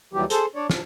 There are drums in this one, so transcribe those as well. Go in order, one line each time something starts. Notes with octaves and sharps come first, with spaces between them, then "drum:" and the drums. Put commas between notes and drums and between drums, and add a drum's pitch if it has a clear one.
D#2 D#3 E3 F#3 G3 G4
G#4 A4 C5, drum: hi-hat
D4 C#5 D5
F3, drum: snare